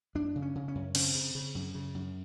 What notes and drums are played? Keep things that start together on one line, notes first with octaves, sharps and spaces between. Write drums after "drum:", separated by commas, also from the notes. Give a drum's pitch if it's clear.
F#2 D4
C#3
C#4
C#3
C#4
F#2
C#3 C4, drum: cymbal
C#3
C#3
F#2
C#3
F#2